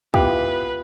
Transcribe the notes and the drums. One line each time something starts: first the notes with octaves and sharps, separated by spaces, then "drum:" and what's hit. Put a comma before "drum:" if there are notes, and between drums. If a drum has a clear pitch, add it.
B3 E4 F4 G4 B4 F5, drum: kick